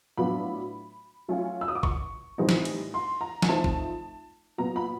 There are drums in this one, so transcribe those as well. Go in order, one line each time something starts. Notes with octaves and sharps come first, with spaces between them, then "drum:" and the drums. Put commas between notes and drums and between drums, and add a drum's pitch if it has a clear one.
A2 F#3 B3 D4 F4 B5
F#3 A3 C#4 F4
E6
D#6
D6
C#6, drum: kick G#1
A2 E3 G3 C4 D#4
drum: snare
drum: cymbal
C6
A#5
G#5, drum: snare
F3 A3 C4 D#4 A5
drum: kick G#1
A#2 F#3 B3 A#5
B5